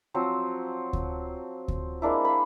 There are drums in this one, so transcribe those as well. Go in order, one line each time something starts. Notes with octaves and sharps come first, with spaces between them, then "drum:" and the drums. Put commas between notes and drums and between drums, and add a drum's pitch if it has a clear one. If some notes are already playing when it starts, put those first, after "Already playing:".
F3 F#3 C4 C5
drum: kick D2
drum: kick D2
G#3 A#3 D4 E4
F5 B5